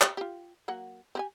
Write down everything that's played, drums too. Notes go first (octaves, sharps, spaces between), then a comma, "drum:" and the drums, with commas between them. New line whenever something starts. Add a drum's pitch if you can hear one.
G4 G5, drum: clap
F4 G4
F#3 A#3 F#5
C4 G4 G#5